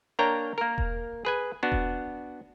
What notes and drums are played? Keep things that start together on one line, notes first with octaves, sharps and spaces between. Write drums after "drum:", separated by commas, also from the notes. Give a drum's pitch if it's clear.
A#3 D4 A#4 C#5 G5 A#5
A#3 A#4
drum: kick E1
G#4 B4 G#5
B3 D4 F#4
drum: kick E1